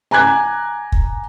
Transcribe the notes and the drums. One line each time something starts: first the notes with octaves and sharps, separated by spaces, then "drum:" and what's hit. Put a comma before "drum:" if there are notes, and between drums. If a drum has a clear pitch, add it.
G#5 A#5 D6 F#6 G#6
drum: kick